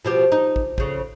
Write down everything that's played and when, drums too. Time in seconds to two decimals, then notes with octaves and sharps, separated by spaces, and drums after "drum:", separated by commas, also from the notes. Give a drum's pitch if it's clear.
0.05 B2 F3 G4
0.32 D#4
0.56 drum: kick
0.78 F2 C#3, drum: kick